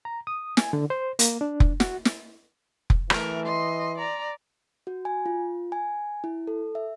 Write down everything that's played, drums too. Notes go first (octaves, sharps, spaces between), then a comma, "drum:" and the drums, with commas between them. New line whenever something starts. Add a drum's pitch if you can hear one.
A#5
D#6
G#5, drum: snare
D3
C5
A#3, drum: hi-hat
D4
drum: kick F1
F#4, drum: snare
drum: snare
drum: kick F1
E3 A3 A#4, drum: rim click
D#5 C6
D5 A#5
F#4
G#5
F4
G#5
E4
A4
E5